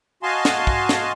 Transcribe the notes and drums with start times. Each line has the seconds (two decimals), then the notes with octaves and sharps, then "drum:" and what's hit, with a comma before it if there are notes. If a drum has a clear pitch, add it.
0.23 F#4 D#5 F5 G#5 A5 C6
0.45 drum: snare
0.67 drum: kick
0.89 drum: snare